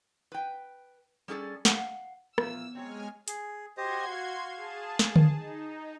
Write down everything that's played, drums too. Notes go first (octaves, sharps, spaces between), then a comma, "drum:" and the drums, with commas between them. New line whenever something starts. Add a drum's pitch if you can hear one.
B4 G5
G3 C#4 G#4 A4 D5
F5 F#5, drum: snare
A#2 E3 F3 B3 E6, drum: rim click
F#3 G#3 C4 C#5 G#5 F6
G#4, drum: hi-hat
F#4 G4 C5 D#5 C6 G#6
F5
G#4 A5
drum: snare
drum: tom D3
D#4